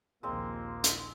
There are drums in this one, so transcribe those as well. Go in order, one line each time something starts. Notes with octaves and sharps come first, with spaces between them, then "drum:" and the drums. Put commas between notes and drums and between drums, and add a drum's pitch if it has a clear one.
A#1 D#2 F3 G#3 A#3 C4
drum: hi-hat